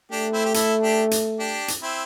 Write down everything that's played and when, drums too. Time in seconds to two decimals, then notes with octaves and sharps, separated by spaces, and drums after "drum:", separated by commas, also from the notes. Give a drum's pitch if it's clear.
0.11 A3 D4 G4
0.33 C4 E4
0.45 G4
0.54 E4 A4, drum: hi-hat
0.83 D4 G4
1.11 drum: hi-hat
1.40 D4 G4
1.68 drum: hi-hat
1.82 C4 E4